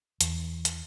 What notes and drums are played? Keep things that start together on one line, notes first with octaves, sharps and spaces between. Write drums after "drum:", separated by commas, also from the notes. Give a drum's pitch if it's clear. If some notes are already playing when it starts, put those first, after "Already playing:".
E2, drum: hi-hat
drum: hi-hat